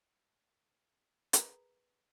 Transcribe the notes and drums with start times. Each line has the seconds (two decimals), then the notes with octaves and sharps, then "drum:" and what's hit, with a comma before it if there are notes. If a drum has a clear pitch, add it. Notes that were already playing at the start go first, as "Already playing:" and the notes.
1.33 G#4 A#4 B4, drum: hi-hat